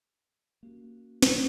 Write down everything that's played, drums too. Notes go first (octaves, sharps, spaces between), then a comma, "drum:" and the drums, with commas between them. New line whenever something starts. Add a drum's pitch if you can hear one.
A#3 C#4 F#4 G4
drum: snare